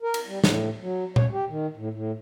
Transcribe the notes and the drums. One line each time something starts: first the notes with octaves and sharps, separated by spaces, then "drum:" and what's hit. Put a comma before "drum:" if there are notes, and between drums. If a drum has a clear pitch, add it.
A#4
drum: cymbal
G3
A2, drum: snare
F#3
C#5, drum: tom A#2
G4
D#3
A2
A2